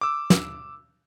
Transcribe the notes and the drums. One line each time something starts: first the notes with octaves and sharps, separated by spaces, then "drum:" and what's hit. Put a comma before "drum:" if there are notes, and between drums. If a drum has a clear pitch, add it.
D6 E6
drum: snare